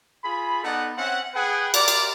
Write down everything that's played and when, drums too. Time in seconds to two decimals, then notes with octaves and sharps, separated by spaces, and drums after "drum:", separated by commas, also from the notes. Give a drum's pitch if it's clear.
0.23 F4 G#4 B5
0.63 B3 D#4 A4 D5 F#5
0.97 C4 C#4 E5 F#5
1.34 G#4 B4 F#5 G5
1.74 G4 A#4 D5, drum: cymbal
1.88 drum: cymbal